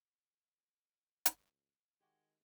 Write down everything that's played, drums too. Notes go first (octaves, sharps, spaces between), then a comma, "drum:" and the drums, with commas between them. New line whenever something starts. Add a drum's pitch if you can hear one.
C#2, drum: hi-hat
D#3 G#3 F#4 G4